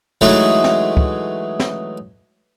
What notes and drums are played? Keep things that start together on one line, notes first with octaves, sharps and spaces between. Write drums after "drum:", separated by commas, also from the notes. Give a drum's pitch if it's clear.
E3 F#3 G#3 A3 D#4 G#4
drum: snare
drum: kick
drum: snare